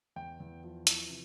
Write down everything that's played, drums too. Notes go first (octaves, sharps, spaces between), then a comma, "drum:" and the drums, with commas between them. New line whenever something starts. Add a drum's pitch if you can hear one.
E2 G5
E2
F3
E3, drum: hi-hat
C3